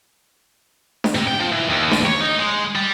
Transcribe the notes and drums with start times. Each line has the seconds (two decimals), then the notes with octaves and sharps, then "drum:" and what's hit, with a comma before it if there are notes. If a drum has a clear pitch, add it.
1.04 drum: snare D4
1.15 C3
1.28 G5
1.40 F3
1.52 E3
1.70 D#2
1.91 drum: snare D4
2.05 C#5
2.21 D#4
2.39 G#3
2.75 G3